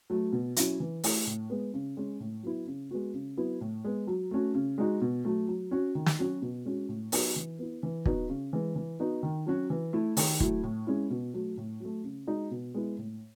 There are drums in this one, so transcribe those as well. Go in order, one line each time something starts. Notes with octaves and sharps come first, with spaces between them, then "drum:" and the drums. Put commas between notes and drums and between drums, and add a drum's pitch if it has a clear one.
F#3 A3
B2
F#3 C#4 E4, drum: hi-hat
E3
A3 E4, drum: open hi-hat
A2
G#3 B3
C#3
G#3 C#4
A2
F#3 B3 E4
C#3
G#3 B3 F#4
C#3
F#3 B3 E4
A2
G#3 B3
F#3
A3 C#4 F#4
C#3
G#3 D#4 F#4
B2
F#3 A3
F#3
C#4 F#4
D#3
drum: snare
F#3 C#4 F#4
B2
G#3 C#4 F#4
A2
F#3 B3 D#4 F#4, drum: open hi-hat
E3
B3 E4
E3
B3 D#4 F#4, drum: kick
C#3
E3 G#3
E3
B3 D#4 F#4
D#3
F#3 C#4 F#4
E3
A3 E4
D#3, drum: open hi-hat
F#3 A3 E4, drum: kick
A2
G#3 C#4 E4
B2
F#3 A3
A2
F#3 A3
C#3
G#3 D#4 F#4
B2
G#3 B3 E4
A2